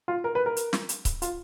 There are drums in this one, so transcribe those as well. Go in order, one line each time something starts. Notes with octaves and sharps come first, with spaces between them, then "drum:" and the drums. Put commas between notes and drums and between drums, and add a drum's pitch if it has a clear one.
F4
A#4
B4
A#4
drum: hi-hat
drum: snare
drum: hi-hat
drum: kick C#1, hi-hat
F4, drum: hi-hat